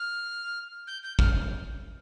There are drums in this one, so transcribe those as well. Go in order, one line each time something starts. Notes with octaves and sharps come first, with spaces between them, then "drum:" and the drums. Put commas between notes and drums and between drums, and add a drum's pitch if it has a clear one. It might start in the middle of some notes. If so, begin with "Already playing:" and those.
Already playing: F6
G6
G6
F6, drum: kick